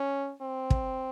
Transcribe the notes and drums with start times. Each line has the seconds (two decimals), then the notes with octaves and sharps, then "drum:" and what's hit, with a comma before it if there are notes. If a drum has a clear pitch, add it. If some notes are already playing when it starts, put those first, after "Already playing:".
Already playing: C#4
0.41 C4
0.70 drum: kick